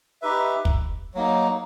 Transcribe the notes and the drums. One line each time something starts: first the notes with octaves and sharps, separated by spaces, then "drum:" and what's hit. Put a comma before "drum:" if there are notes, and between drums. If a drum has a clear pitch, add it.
D#4 G4 B4 E5
drum: kick
F#3 A#3 D#4